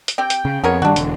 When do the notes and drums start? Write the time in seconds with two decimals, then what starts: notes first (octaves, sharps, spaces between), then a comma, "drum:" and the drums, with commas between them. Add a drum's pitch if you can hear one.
0.08 drum: hi-hat
0.18 C4 G4 G5
0.30 drum: hi-hat
0.45 C#3
0.64 F2 B3 G#4 A#4 C#5
0.82 G2 D#3 G3 D4 F#4
0.96 E1 D3, drum: hi-hat